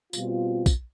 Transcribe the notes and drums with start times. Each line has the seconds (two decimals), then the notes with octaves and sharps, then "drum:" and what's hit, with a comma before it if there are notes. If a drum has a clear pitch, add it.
0.13 B2 G3 C4 F4, drum: tambourine
0.66 drum: kick, tambourine